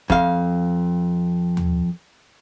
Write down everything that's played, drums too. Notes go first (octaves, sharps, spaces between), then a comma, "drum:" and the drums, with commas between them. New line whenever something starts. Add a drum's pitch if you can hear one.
F2 F5, drum: kick
drum: tom D#2